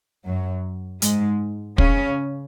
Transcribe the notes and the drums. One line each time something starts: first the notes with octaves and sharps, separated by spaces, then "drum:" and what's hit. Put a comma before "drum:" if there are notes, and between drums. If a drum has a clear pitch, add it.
F#2 F#3
G#2 G#3, drum: hi-hat
C#3 C#4, drum: kick